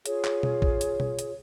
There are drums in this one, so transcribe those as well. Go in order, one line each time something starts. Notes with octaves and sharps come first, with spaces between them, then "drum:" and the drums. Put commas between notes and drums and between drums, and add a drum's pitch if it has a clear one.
F4 G#4 C#5, drum: hi-hat
drum: clap
drum: tom B2
drum: kick
drum: hi-hat
drum: tom B2
drum: hi-hat